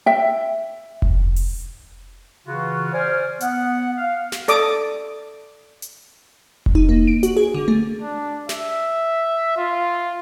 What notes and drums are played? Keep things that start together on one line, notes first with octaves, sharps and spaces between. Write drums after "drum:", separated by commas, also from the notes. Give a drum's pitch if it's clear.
E5 G5
drum: kick F1
drum: open hi-hat
C#3 E3 F4 F#4
C5 D5 G#5 F6
B3 F#5, drum: hi-hat
F5
drum: snare
A4 D5 D6 D#6, drum: hi-hat
drum: hi-hat
drum: kick F1
D#4
A#3
D7
F#4, drum: hi-hat
G#4
D3
A3
D4
E5, drum: snare
F4